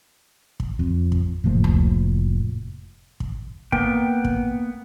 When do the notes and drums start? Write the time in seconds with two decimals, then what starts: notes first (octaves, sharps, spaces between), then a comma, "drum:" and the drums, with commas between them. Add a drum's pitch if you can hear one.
0.60 drum: kick
0.79 F2
1.12 drum: kick
1.44 F1 A2 F3 A#3
1.64 drum: tom C#2
3.20 drum: kick
3.72 A#3 B3 G5, drum: kick
4.25 drum: kick